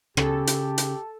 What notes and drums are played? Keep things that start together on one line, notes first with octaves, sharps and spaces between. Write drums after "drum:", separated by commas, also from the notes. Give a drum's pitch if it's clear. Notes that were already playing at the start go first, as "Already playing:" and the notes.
C#3 G4 A4, drum: rim click
drum: hi-hat
drum: hi-hat